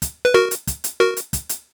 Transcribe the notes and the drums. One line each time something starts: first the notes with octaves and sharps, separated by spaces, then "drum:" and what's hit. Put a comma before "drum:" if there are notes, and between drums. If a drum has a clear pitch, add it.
drum: kick, hi-hat
B4
F#4 A#4
drum: hi-hat
drum: kick, hi-hat
drum: hi-hat
F#4 A#4
drum: hi-hat
drum: kick, hi-hat
drum: hi-hat